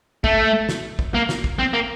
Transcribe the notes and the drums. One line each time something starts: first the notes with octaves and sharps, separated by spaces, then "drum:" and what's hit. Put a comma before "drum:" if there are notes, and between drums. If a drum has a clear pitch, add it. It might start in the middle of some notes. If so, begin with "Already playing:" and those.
A3, drum: kick
drum: snare
drum: kick
A#3
drum: snare
drum: kick
C4
A#3